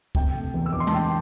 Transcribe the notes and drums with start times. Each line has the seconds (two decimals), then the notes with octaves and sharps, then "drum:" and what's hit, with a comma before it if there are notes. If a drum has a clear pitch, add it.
0.15 C3 G5, drum: kick
0.34 A3
0.54 E2
0.66 E6
0.73 E2 D6
0.80 C6
0.87 A5, drum: tom
0.93 C3 G5